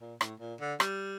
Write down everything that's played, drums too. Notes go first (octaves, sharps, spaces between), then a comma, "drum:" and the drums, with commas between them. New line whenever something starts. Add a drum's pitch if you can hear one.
A#2
A2, drum: rim click
A#2
D3
G3, drum: rim click